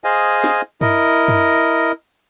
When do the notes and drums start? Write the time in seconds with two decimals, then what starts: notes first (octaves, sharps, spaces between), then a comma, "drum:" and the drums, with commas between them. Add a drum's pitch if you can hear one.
0.04 G#4 C5 D#5 F5 G#5
0.44 drum: snare
0.81 E4 A#4 D#5, drum: tom G2
1.28 drum: tom F#2